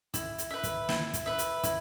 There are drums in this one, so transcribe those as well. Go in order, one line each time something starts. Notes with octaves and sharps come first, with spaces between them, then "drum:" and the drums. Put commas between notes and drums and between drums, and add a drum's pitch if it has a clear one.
E4, drum: kick, hi-hat
drum: hi-hat
B4 E5
drum: kick, hi-hat
E4, drum: snare
drum: kick, hi-hat
B4 E5
drum: hi-hat
E4, drum: kick, hi-hat